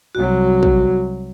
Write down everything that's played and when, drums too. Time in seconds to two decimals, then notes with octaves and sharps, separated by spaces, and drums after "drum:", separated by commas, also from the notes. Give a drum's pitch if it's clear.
0.15 C2 F#3 F#4
0.63 drum: kick